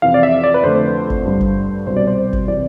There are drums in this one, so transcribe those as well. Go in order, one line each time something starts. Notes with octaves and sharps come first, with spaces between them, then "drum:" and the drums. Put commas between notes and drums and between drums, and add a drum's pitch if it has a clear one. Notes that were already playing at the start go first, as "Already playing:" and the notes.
F2 C3 E3 F5
D5
E5
D5
B4
F2 D3 A3 C5
drum: kick G1
G2 D3 G3
drum: kick G1
C2 B2 G3 C5
D5
C5
drum: kick G1
C3 E3 D5